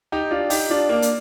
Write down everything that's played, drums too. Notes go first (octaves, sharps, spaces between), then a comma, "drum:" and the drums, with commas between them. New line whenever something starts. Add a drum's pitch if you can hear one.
D#4 G4
D4 F4
D#4 G4, drum: open hi-hat
D4 F4
A#3 D4
drum: hi-hat